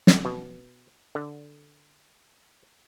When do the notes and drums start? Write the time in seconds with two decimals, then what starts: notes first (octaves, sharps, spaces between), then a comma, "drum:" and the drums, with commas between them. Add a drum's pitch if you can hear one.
0.07 drum: snare
0.25 B2
1.15 D3